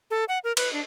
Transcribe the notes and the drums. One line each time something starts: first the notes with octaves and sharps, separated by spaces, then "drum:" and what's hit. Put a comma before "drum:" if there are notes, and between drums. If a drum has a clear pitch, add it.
A4
F#5
A#4
B4, drum: cymbal
D4